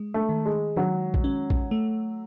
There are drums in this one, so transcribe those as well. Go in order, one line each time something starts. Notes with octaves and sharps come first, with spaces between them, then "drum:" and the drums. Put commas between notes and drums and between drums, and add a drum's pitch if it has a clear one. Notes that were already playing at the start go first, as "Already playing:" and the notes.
Already playing: G#3
A3
D#3
G#3
D#3 F#3
drum: kick
C#4
drum: kick
A3